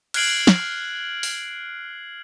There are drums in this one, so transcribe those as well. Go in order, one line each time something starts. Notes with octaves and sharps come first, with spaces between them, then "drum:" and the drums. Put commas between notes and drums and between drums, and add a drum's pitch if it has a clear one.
F6 F#6 G#6 C7 D7 F#7, drum: cymbal
drum: snare
drum: open hi-hat